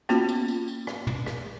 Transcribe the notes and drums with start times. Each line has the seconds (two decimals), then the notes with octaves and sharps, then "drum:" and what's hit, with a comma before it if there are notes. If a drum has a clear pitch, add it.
0.09 A#3 B3 C#4 F4 F#4, drum: rim click
0.29 drum: tambourine
0.48 drum: tambourine
0.68 drum: tambourine
0.87 drum: rim click
1.07 drum: tom
1.26 drum: rim click